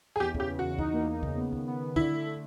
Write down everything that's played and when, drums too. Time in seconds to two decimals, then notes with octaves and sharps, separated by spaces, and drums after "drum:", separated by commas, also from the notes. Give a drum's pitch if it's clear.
0.16 G#4
0.20 E2 G4
0.35 C#3, drum: kick
0.40 G4
0.50 E2
0.59 F#4
0.65 E2
0.79 D#4, drum: kick
0.94 A#3
1.08 A#3
1.23 C#3, drum: kick
1.38 B3
1.53 D#3, drum: kick
1.68 B3
1.82 D#3
1.96 D3 E4, drum: kick
2.12 A3
2.27 A3